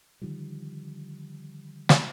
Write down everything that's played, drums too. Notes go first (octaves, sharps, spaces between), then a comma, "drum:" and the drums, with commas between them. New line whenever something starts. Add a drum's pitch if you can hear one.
D3 D#3 F3 G3
drum: snare